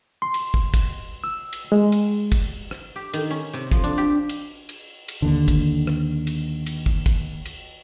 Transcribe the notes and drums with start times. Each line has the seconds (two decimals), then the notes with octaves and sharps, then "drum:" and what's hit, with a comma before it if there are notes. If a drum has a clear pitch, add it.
0.22 C6
0.34 drum: cymbal
0.54 drum: kick
0.74 drum: kick, cymbal
1.24 E6
1.53 drum: cymbal
1.72 G#3
1.92 drum: cymbal
2.32 drum: kick, cymbal
2.71 drum: rim click
2.96 G4
3.13 D#3, drum: cymbal
3.31 C#4
3.53 C3
3.71 F3, drum: kick
3.84 D4
3.98 G4
4.29 drum: cymbal
4.69 drum: cymbal
5.08 drum: cymbal
5.22 D#2 D3
5.48 drum: kick, cymbal
5.87 drum: rim click
6.27 drum: cymbal
6.66 drum: cymbal
6.86 drum: kick
7.06 drum: kick, cymbal
7.45 drum: cymbal